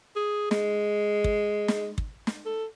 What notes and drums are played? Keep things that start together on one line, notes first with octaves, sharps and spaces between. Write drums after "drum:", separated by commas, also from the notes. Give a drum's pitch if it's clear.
G#4
G#3, drum: snare
drum: kick
drum: snare
drum: kick
drum: snare
A4